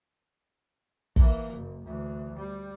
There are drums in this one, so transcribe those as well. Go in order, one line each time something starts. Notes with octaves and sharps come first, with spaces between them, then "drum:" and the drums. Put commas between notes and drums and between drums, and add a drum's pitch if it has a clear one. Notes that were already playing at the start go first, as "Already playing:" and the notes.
E3 A#3, drum: kick
F#1
D2 E3
G3